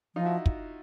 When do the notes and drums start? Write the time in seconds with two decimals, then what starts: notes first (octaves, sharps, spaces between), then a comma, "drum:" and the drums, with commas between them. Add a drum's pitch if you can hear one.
0.16 F3 D#4 F4
0.25 E4 F#4
0.46 drum: kick